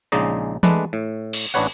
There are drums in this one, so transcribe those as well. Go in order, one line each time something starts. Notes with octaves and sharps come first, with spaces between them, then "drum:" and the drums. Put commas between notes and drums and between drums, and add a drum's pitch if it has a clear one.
A#1 C#3 G#3 D#4 D5 D#5
G#3 A3 D4 B4 D5, drum: tom E3
A2
drum: cymbal
A1 D4 B4 C#5 F#5